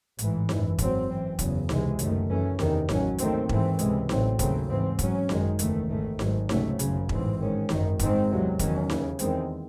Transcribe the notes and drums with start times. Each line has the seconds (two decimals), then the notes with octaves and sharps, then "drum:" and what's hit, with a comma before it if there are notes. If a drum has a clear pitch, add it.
0.19 A1 G#2 E3, drum: hi-hat
0.49 G#1 F#2 E3, drum: snare D#4
0.78 G#1 G#2 F#3 C4, drum: kick E1, hi-hat
1.09 F#2 E3 C4
1.39 F#1 E2 C#3 F#3, drum: kick E1, hi-hat
1.69 C#2 C3 E3 G#3, drum: snare D#4
1.99 F#1 F#2 D#3 A3, drum: hi-hat
2.29 F#2 E3 A3 C#4
2.59 E2 C3 D#3, drum: snare D#4
2.89 A1 G#2 F#3 C#4, drum: snare D#4
3.18 D#2 D#3 A3 C4, drum: hi-hat
3.49 G#2 E3 A3 C4, drum: kick E1
3.79 C#2 C3 E3 G#3, drum: hi-hat
4.09 A1 A2 F#3 C4, drum: snare D#4
4.39 D#2 C#3 F#3 A3 C4, drum: kick E1, hi-hat
4.69 G#2 E3 C4
4.99 G#2 F#3 C#4, drum: kick E1, hi-hat
5.29 G#1 F#2 D#3 G#3, drum: snare D#4
5.59 F#1 E2 D#3 A3, drum: hi-hat
5.89 G#1 G#2 D#3 A3
6.19 G#1 G#2 D#3 F#3, drum: snare D#4
6.49 C#2 C3 F#3 A3 C#4, drum: snare D#4
6.79 G#1 F#2 C#3, drum: hi-hat
7.09 A1 G#2 E3 C4, drum: kick E1
7.39 G#2 D#3 G#3 C#4
7.69 G#1 F#2 D#3, drum: snare D#4
7.99 G#1 G#2 D#3 G#3 C4, drum: kick E1, hi-hat
8.29 E2 C3 F#3
8.59 E2 D#3 F#3 C#4, drum: kick E1, hi-hat
8.90 D#2 C#3 E3, drum: snare D#4
9.19 E2 D#3 G#3 C4, drum: hi-hat